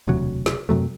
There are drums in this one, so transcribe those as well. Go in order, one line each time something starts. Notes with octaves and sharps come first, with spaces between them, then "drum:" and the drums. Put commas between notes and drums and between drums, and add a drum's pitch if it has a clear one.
E1 D2 C3 F#3
drum: snare
F#2 C3 F#3 A3